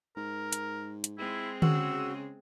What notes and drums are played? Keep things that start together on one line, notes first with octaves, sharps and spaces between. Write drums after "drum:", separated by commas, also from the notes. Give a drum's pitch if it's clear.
G#2 A#4
drum: hi-hat
drum: hi-hat
G#3 C4 E4
C#3 F#4 E6, drum: tom D3